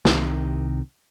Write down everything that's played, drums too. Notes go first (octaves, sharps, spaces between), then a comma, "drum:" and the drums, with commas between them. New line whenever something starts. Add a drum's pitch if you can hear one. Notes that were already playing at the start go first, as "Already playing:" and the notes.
C2 C3 D#3, drum: snare